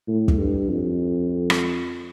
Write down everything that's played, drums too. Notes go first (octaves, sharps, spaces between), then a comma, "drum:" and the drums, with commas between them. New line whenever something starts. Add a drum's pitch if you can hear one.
A2
drum: kick
G2
F2
drum: rim click